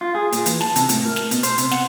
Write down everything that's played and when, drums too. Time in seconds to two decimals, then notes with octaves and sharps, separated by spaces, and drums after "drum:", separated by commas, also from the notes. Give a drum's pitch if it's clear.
0.01 F4
0.15 G#4
0.33 A#2, drum: hi-hat
0.46 E3, drum: hi-hat
0.61 A5, drum: snare
0.76 C3, drum: hi-hat
0.89 A2, drum: hi-hat
1.06 A#4
1.16 drum: snare
1.31 B2, drum: hi-hat
1.43 C5, drum: hi-hat
1.58 C3, drum: hi-hat
1.71 F#5, drum: snare